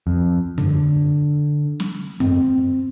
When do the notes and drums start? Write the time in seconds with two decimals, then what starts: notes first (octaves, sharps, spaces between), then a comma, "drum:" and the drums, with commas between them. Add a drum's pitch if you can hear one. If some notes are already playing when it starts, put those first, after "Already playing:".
0.07 F2
0.58 D3, drum: tom F#2
1.80 drum: snare
2.20 C4, drum: tom F#2